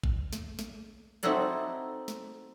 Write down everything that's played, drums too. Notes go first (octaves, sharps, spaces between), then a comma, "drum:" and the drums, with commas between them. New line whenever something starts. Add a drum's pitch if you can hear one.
drum: kick A1
drum: snare
drum: snare
C4 D#4 E4 F#4 A4 D5, drum: hi-hat
drum: snare